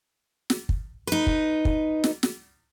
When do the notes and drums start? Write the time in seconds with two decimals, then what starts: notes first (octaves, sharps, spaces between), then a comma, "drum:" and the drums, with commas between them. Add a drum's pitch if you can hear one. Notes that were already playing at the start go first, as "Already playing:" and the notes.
0.50 drum: snare
0.69 drum: kick
1.07 D#4 B4
1.27 drum: kick
1.65 drum: kick
2.04 drum: snare
2.23 drum: snare